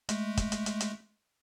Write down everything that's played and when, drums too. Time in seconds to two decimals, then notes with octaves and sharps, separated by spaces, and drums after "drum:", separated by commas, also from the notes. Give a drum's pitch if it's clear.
0.09 G#3 A3, drum: hi-hat
0.37 drum: kick, hi-hat
0.52 drum: hi-hat
0.66 drum: hi-hat
0.80 drum: hi-hat